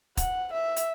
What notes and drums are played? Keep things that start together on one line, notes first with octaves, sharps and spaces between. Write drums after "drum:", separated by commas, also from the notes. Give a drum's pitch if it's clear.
F#5, drum: kick, hi-hat
E5
drum: hi-hat